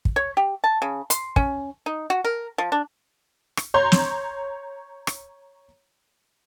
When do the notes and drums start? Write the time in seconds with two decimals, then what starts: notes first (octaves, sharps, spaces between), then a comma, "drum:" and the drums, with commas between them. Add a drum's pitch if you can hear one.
0.05 drum: kick
0.16 C#5
0.37 G4
0.64 A5
0.82 C#3
1.10 C6, drum: hi-hat
1.36 C#4, drum: kick
1.86 D#4
2.10 F#4
2.24 A#4
2.58 F3
2.72 D4
3.57 drum: rim click
3.74 C#5 A#5 C6 G6
3.92 drum: snare
5.07 drum: rim click